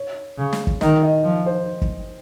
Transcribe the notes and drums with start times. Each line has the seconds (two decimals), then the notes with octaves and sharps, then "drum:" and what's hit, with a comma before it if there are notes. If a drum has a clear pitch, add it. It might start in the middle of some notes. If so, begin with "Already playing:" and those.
Already playing: C#5
0.38 C#3
0.53 drum: snare
0.67 drum: kick
0.81 D#3 D#5, drum: snare
1.03 D#5
1.25 F3
1.46 C5
1.82 drum: kick